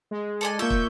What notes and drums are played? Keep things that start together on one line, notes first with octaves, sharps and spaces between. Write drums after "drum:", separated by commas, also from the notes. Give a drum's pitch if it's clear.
G#3
A4 D5 G#5
A#3 F4 E5 C#6 G6
drum: kick